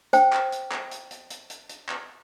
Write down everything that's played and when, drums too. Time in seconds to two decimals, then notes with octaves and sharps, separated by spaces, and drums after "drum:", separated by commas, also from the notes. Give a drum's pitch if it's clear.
0.13 C5 G5, drum: hi-hat
0.33 drum: clap
0.52 drum: hi-hat
0.72 drum: clap
0.91 drum: hi-hat
1.11 drum: hi-hat
1.30 drum: hi-hat
1.50 drum: hi-hat
1.69 drum: hi-hat
1.89 drum: clap